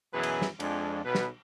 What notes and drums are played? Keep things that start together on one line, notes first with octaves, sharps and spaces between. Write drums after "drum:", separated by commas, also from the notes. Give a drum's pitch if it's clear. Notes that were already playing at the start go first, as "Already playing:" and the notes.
F#2 B2 E3 F#3 G#4 B4
drum: cymbal
drum: snare
F2 G#3 D4, drum: cymbal
B1 B2 B4
drum: snare